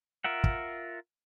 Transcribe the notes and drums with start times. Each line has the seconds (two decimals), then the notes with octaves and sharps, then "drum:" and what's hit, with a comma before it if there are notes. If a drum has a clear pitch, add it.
0.24 F4 A#4 E5 F#5
0.44 drum: kick